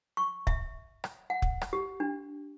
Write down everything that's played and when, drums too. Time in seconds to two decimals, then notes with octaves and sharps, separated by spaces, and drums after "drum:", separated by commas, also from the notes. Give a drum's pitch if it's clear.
0.17 C#6
0.47 E5, drum: kick
1.04 drum: rim click
1.30 F#5
1.42 drum: kick
1.62 drum: rim click
1.73 G4
2.00 D4